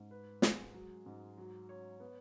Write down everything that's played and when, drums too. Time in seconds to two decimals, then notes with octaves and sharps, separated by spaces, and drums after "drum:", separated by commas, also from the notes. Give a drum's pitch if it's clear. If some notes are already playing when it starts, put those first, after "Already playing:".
Already playing: G#2
0.11 B4
0.42 G#3, drum: snare
0.74 F#3
1.06 G#2
1.37 F#3
1.69 C#5
2.00 B3